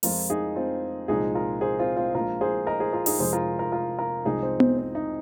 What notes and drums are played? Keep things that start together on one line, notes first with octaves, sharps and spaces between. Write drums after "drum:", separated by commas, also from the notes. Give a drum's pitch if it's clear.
F2 F3 G#3 F4 A#4, drum: open hi-hat
D#4 G#4
C4 F4
C2 A#2 F3 G#3 D#4 G#4
F4 A#4
G#4 C5
C4 F4
C4 F4
A#1 A#2 F3 G#3 F4 A#4
G#4 C5
A#4 D#5
G#4 C5
F4 A#4
D#4 G#4, drum: open hi-hat
F1 F2 F3 G#3 G#4 C5
F4 A#4
F4 A#4
F4 A#4
F4 A#4
C2 C3 F3 G#3 D#4 G#4
C4
C4, drum: tom B3
C4
D#4